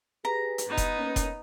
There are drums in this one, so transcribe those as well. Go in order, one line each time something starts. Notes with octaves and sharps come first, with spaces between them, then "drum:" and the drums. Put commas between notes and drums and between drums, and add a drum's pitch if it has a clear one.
G4 G#4 B4 A#5
drum: hi-hat
G2 B3 D#4
drum: kick F1, hi-hat
A#3 C#4
drum: kick F1, hi-hat